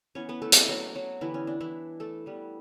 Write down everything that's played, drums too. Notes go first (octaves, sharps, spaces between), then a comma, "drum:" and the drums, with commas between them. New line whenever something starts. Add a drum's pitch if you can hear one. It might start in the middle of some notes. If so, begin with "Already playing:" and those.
E3 B3 C#4 C#5
B3 B4
A3 A4
drum: hi-hat
F#3 F#4
F#3 F#4
D3 E3 G3 B3 E4
C#4
D4
E3 E4
A3 A4
E3 G3 B3